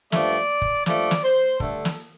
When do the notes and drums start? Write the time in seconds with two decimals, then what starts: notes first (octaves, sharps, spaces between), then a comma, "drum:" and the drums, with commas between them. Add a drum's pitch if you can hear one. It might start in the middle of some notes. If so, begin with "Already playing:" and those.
0.12 G2 F3 A3 D5, drum: snare
0.62 drum: kick
0.86 G2 F3 A3 D5, drum: snare
1.11 drum: snare
1.23 C5
1.60 G2 D3 A3 A4, drum: kick
1.85 drum: snare